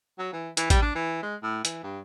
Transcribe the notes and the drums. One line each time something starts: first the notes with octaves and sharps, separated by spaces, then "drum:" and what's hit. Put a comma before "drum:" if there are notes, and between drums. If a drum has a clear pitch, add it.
F#3
E3
E3, drum: hi-hat
G3, drum: kick A1, hi-hat
D4
E3
G#3
A2
E3, drum: hi-hat
G2